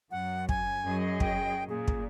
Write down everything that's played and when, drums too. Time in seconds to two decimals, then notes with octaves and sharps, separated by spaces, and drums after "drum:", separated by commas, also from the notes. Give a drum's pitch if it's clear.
0.11 F#2 F#5
0.49 G#5, drum: kick
0.86 F#2 G#4 D#5
1.20 G5, drum: kick
1.69 A#2 G#4
1.88 drum: kick